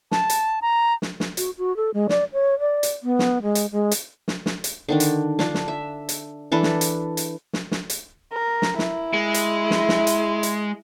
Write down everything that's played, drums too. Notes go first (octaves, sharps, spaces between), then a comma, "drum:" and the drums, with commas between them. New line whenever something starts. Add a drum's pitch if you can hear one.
A5, drum: snare
drum: hi-hat
A#5
drum: snare
drum: snare
F#4, drum: hi-hat
F#4
A4
G#3
D5, drum: snare
C#5
D5
drum: hi-hat
B3
drum: snare
G#3
drum: hi-hat
G#3
drum: hi-hat
drum: snare
drum: snare
drum: hi-hat
D3 D#3 D4
drum: hi-hat
D4 F4, drum: snare
drum: snare
E5
drum: hi-hat
E3 D4 A4 B4
drum: snare
drum: hi-hat
drum: hi-hat
drum: snare
drum: snare
drum: hi-hat
A#4
drum: snare
E4, drum: snare
G#3
drum: hi-hat
drum: snare
drum: snare
drum: hi-hat
drum: hi-hat